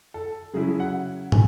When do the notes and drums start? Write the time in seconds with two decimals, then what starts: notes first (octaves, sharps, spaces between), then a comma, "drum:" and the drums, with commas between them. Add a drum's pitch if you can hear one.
0.14 A4
0.53 C#3 F#3 C#4 E4 G#4
0.80 F#5
1.32 G#5, drum: tom